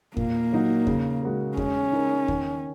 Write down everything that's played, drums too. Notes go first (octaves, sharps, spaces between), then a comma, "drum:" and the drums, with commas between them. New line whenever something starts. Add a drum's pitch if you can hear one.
A#2 A#3, drum: kick E2
F#3 D#4 F#4
C#3, drum: kick E2
G#3 F#4 A#4
G#3 C#4, drum: kick E2
D#4 A#4
D#3, drum: kick E2